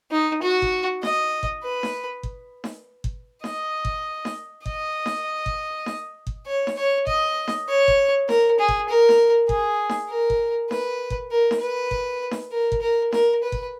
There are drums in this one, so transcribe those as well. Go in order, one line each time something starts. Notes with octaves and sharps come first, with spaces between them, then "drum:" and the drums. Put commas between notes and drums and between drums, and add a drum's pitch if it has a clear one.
D#4
F#4
drum: kick G1
D#5, drum: snare D#4
drum: kick G1
B4
drum: snare D#4
drum: kick G1
drum: snare D#4
drum: kick G1
D#5, drum: snare D#4
drum: kick G1
drum: snare D#4
D#5, drum: kick G1
drum: snare D#4
drum: kick G1
drum: snare D#4
drum: kick G1
C#5
drum: snare D#4
C#5
D#5, drum: kick G1
drum: snare D#4
C#5
drum: kick G1
A#4, drum: snare D#4
G#4
drum: kick G1
A#4
drum: snare D#4
G#4, drum: kick G1
drum: snare D#4
A#4
drum: kick G1
B4, drum: snare D#4
drum: kick G1
A#4
drum: snare D#4
B4
drum: kick G1
drum: snare D#4
A#4
drum: kick G1
A#4
A#4, drum: snare D#4
B4
drum: kick G1